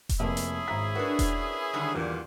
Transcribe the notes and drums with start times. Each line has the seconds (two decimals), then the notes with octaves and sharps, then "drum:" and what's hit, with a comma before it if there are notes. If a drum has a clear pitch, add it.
0.09 drum: kick E1, hi-hat
0.20 F1 A#3 C#4 E4 G#4
0.37 drum: hi-hat
0.68 G#1 A#5 B6
0.95 D4 F#4 A#4 B4
1.19 drum: kick E1, hi-hat
1.73 D3 D#3 G3
1.95 E2 G2 A#2